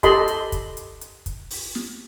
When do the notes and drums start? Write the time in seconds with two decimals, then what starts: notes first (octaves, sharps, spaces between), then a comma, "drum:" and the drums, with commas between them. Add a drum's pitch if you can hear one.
0.03 G4 A4 D#5 A5 B5 C6, drum: kick, hi-hat
0.28 drum: hi-hat
0.52 drum: kick, hi-hat
0.77 drum: hi-hat
1.01 drum: hi-hat
1.26 drum: kick, hi-hat
1.50 drum: open hi-hat
1.75 drum: snare